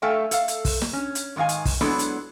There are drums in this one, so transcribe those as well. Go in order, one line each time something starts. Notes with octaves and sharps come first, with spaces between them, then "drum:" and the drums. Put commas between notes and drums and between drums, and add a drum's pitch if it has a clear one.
A3 A4 E5 F5 G5 G#5
A4 F5, drum: hi-hat
drum: hi-hat
drum: kick, open hi-hat
drum: snare
C#4
drum: hi-hat
G#2 D#3 D#5 F5 G#5
drum: hi-hat
drum: kick, open hi-hat
F#3 G#3 B3 D4 E4 A4, drum: snare
drum: hi-hat